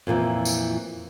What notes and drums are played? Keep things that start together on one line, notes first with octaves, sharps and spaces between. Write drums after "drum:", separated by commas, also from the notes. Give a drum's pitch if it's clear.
F2 A#2 D#3 E3
drum: tambourine